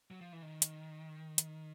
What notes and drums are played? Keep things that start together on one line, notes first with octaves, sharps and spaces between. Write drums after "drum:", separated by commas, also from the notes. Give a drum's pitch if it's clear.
F#3
F3
E3
D#3
drum: hi-hat
drum: hi-hat